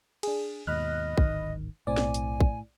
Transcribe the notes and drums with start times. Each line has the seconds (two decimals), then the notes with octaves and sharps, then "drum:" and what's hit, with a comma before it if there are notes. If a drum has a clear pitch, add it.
0.23 D4 G#4, drum: cymbal
0.67 D#2 G#2 B2 D#5 B5 F6 F#6
1.18 D1 G#1 D#3, drum: kick
1.87 B1 A2 C4 D5 G#5
1.97 drum: snare
2.14 drum: hi-hat
2.40 drum: kick